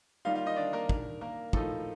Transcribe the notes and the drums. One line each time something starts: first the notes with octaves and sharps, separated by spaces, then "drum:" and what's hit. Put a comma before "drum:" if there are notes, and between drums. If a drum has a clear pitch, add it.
D#3 G3 A#3 D#4 F4 F5
F4 F5
D#4 D#5
D4 D5
A#3 A#4
D#3 A#3 D4, drum: kick
A#3 A#4
A2 F3 A#3 D#4 A4, drum: kick